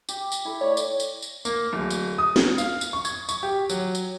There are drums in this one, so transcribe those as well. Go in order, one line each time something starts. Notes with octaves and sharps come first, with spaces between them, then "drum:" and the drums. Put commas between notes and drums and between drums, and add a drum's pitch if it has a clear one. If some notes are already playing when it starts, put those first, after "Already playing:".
G4, drum: tambourine
drum: tambourine
E4 A4
A3 E4 C#5 D5
drum: tambourine
drum: tambourine
drum: tambourine
A#3, drum: tambourine
D1
drum: tambourine
D#6
drum: snare
F5, drum: tambourine
drum: tambourine
C#6
G#6, drum: tambourine
C#6, drum: tambourine
G4
F#3, drum: tambourine
drum: tambourine